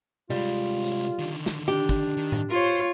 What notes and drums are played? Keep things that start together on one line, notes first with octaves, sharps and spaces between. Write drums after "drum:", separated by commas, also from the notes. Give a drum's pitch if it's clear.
C3 G3 G#3 F4
drum: open hi-hat
drum: hi-hat
D3 D#3
drum: snare
D4 G4, drum: hi-hat
drum: kick, hi-hat
D#3
drum: tom A2
F4 A#4 C5 C#5
drum: hi-hat